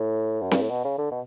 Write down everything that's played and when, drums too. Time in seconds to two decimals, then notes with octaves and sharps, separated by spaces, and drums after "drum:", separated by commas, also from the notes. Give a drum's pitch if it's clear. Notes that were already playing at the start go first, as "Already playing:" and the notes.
Already playing: A2
0.42 F#2
0.51 G2, drum: snare C4
0.62 A2
0.70 B2
0.85 C#3
0.98 D3
1.11 B2